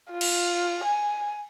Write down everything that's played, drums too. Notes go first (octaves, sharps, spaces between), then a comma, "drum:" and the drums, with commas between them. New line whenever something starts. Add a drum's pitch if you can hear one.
F4
drum: cymbal
G#5